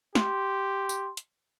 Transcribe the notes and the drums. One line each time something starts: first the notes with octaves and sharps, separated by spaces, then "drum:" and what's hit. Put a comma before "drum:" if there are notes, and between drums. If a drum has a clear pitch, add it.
G4 C6, drum: snare
drum: tambourine
drum: hi-hat